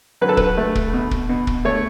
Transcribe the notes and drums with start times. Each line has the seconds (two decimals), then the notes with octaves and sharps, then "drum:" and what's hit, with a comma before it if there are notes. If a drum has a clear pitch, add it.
0.21 F#3 B4
0.29 A4
0.37 B4, drum: kick
0.57 A3
0.75 drum: kick
0.93 B2
1.11 drum: kick
1.29 B2
1.47 drum: kick
1.65 A3 C#5